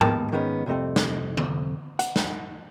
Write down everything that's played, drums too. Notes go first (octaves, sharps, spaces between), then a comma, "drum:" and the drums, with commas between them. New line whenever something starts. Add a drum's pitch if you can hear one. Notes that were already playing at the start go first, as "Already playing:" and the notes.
D#2 G#3 B3 A#4 G5 A5, drum: tom G#2
G#2 D#3 G3 G#3 B3 C#4
C2 F2 C3 A3 C4
drum: snare
drum: tom D3
F#5, drum: hi-hat
drum: snare